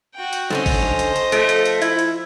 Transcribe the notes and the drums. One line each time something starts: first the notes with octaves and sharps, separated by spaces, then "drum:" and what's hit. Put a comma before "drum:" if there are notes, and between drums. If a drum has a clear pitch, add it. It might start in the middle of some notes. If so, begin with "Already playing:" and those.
F#4 G5
drum: hi-hat
D3 C4 C#4 C5 D#5, drum: snare
drum: kick G#1, open hi-hat
drum: snare
drum: hi-hat
drum: hi-hat
F3 A3, drum: hi-hat
drum: hi-hat
drum: hi-hat
E4, drum: hi-hat
drum: hi-hat